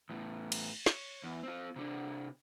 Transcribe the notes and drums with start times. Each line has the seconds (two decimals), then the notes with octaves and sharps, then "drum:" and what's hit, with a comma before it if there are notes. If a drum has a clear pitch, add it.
0.10 E2 A2
0.52 drum: cymbal
0.86 C#5, drum: snare
1.23 E2
1.43 C4 F4
1.76 C3 D4